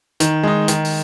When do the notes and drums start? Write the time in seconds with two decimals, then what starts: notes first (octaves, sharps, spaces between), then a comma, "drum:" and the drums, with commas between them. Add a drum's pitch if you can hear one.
0.20 D#3, drum: hi-hat
0.43 G#3 D#4
0.68 D#3, drum: hi-hat
0.85 drum: open hi-hat